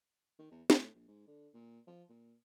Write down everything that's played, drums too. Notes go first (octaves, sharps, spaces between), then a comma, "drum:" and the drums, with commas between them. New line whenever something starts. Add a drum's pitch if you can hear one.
D#3
E2
A2, drum: snare
A#1
G#2
D3
A#2
F3
A#2